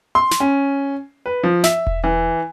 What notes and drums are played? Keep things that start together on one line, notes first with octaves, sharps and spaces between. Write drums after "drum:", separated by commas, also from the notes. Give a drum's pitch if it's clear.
C6
drum: snare
C#4
B4
F3
E5, drum: snare
drum: kick E1
E3